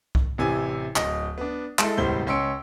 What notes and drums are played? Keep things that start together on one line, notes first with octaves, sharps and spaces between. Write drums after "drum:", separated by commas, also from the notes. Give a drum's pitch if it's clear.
drum: kick C2
A1 C3 E3 G#5
D1 D#5, drum: clap
B3 D4
G#3 E4 A4, drum: clap
E1 C#2 A2 G3 C5 G7
C#2 C#4 C6 E6 C#7 D7